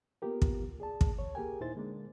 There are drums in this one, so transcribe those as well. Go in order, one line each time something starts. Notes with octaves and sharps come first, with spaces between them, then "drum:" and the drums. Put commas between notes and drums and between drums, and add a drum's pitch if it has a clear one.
A#3 B3 F4 G4 A#4
drum: kick
G#4 D5 A5
drum: kick
C#5
A#3 G4 G#4 A#4 G5 G#5
D#2 A#2 D#4 E4 C5 A6
D3 G#3 A#3 D4